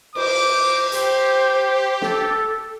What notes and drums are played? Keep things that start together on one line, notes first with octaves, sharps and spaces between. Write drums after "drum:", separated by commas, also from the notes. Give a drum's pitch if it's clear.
C5 D6, drum: cymbal
G4 C5, drum: hi-hat
A4, drum: snare